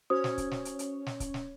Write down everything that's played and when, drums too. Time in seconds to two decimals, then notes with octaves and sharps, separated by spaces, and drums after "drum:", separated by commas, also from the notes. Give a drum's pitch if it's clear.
0.10 C#4 F#4 C5 C#5 D#6
0.24 drum: snare
0.38 drum: kick C#1, hi-hat
0.51 drum: snare
0.65 drum: hi-hat
0.79 drum: hi-hat
1.06 drum: snare
1.20 drum: kick C#1, hi-hat
1.34 drum: snare